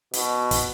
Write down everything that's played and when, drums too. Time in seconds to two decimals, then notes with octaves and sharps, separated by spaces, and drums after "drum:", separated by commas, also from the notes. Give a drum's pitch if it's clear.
0.13 B2, drum: hi-hat
0.51 drum: kick, hi-hat